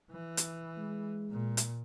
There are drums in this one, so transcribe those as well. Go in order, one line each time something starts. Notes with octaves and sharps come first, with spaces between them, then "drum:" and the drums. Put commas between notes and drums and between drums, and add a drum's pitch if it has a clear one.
E3
drum: hi-hat
G#3
A#2
drum: hi-hat